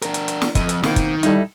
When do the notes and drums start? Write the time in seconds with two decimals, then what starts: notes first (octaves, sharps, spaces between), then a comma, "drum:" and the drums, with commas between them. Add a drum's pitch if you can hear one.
0.02 D4 A#4, drum: hi-hat
0.14 drum: hi-hat
0.28 drum: hi-hat
0.42 drum: snare
0.55 F2 D#5, drum: kick, hi-hat
0.69 drum: hi-hat
0.83 B2 D#3 A#3 C4, drum: snare
0.96 drum: kick, hi-hat
1.23 G3 D#4 E4 A4, drum: hi-hat